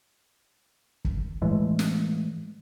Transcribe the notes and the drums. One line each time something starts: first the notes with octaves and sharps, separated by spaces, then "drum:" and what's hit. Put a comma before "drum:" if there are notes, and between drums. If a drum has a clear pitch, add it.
drum: kick
A2 E3 G#3 A3
drum: snare